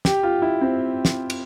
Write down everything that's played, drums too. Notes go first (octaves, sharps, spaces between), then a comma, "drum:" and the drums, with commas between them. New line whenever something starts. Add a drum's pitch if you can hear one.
G4, drum: snare
F4
E4
C4
drum: snare
drum: cymbal